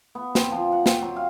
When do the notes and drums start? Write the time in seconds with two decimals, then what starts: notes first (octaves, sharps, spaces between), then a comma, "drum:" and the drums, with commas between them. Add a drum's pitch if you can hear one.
0.15 B3
0.35 C4, drum: snare
0.52 F3
0.72 F#5
0.86 C4, drum: snare
1.02 F#3
1.16 F5